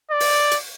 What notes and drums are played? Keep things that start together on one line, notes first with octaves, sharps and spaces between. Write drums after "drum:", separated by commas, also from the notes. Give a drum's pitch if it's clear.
D5
drum: open hi-hat
drum: hi-hat